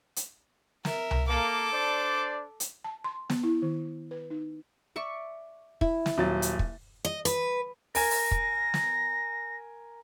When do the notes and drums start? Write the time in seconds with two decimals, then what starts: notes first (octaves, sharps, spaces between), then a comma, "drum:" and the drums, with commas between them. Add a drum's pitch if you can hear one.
0.16 drum: hi-hat
0.85 A#4 E5, drum: snare
1.11 drum: tom C2
1.28 A#3 A4 D6
1.72 D4 C5 D5
2.60 drum: hi-hat
2.84 A5
3.04 C6
3.30 B3, drum: snare
3.44 E4
3.62 D#3
4.11 B4
4.30 D#4
4.96 D5 E5 C#6
5.81 E4, drum: kick
6.06 drum: snare
6.18 D#1 F#3 A6
6.42 drum: hi-hat
6.59 drum: kick
7.05 D#5
7.25 B4, drum: hi-hat
7.95 A#4 G#5 A#6, drum: open hi-hat
8.11 drum: open hi-hat
8.31 drum: kick
8.74 drum: snare